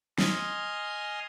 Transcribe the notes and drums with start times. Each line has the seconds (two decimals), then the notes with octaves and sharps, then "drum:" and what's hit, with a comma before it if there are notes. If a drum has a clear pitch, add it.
0.18 D#5 G#5 C6 D#6 F6, drum: snare